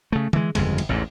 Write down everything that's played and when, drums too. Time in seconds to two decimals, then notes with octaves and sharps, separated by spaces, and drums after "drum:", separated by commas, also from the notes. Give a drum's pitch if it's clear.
0.12 C#3 A3
0.33 E3 G#3, drum: tom
0.55 G1 F2 C#3 G#3, drum: cymbal
0.78 drum: cymbal
0.89 A1 E2 G#2